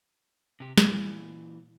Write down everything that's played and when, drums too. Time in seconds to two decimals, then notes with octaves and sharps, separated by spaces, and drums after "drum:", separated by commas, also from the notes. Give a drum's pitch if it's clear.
0.60 C3 G4
0.78 A#2 E3, drum: snare